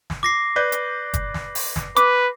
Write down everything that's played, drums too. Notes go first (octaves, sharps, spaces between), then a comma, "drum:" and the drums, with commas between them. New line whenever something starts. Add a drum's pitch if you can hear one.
drum: snare
D6 A#6 C7
B4 D5 G6
drum: hi-hat
drum: kick, hi-hat
drum: snare
drum: open hi-hat
drum: snare
B4 D6, drum: hi-hat